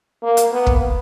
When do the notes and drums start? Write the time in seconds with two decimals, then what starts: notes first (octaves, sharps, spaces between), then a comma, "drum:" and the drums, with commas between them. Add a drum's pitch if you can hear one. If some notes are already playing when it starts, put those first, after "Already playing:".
0.23 A#3
0.37 drum: hi-hat
0.51 B3
0.67 drum: kick